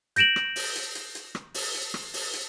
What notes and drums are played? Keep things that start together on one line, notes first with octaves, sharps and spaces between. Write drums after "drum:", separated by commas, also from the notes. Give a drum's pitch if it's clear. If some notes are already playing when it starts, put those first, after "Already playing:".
G6 A#6 D7 E7 F#7, drum: hi-hat
drum: rim click
drum: open hi-hat
drum: hi-hat
drum: hi-hat
drum: hi-hat
drum: rim click
drum: open hi-hat
drum: hi-hat
drum: rim click
drum: open hi-hat
drum: hi-hat